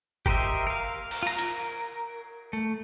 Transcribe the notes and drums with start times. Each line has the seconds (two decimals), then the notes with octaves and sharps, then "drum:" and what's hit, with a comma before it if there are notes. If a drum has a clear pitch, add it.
0.26 G4 A#4 C5 D#5 E5, drum: kick
0.67 A#4 F5
1.11 drum: cymbal
1.23 F4 A#5
1.39 A#4, drum: hi-hat
2.53 A3